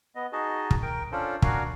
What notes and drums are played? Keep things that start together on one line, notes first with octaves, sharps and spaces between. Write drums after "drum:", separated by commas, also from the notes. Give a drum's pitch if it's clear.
B3 D#5
D#4 F#4 G#4 D#5 A5
drum: kick
A#4 G5
C#4 D4 F4 A4 C5
D4 F#4 A#4 F5 G#5, drum: kick